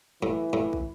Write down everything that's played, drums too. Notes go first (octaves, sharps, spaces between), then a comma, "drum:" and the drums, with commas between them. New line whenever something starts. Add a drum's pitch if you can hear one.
A2 E3
A2
drum: kick